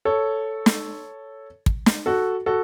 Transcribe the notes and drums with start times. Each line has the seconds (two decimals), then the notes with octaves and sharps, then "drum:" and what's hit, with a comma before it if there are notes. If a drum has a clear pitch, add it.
0.05 A4 C#5
0.66 drum: snare
1.66 drum: kick
1.86 drum: snare
2.06 F#4 A4
2.46 F#4 A4